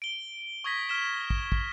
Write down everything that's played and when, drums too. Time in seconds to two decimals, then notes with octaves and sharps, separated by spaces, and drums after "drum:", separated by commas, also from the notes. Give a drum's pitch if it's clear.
0.02 D7 G7
0.64 C#6 D#6 G#6 A#6 B6
0.89 F6 B6 E7 G7
1.30 drum: kick
1.52 drum: kick